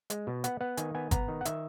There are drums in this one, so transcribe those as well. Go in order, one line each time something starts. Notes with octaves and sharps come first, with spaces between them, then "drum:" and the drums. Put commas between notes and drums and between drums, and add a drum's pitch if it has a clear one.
G#3, drum: hi-hat
B2
B3 F#5, drum: hi-hat
B3 F#5
D#3 G#5, drum: hi-hat
B3 G#5
B3 A#5, drum: kick G1, hi-hat
D#3
F#5
D#3 E5, drum: hi-hat